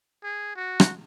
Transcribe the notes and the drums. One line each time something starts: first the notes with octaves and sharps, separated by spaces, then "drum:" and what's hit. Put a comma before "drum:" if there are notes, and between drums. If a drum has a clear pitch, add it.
G#4
F#4
drum: rim click